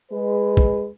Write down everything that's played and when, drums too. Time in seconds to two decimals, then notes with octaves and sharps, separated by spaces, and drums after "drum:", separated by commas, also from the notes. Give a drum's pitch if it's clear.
0.11 G#3 B4
0.57 drum: kick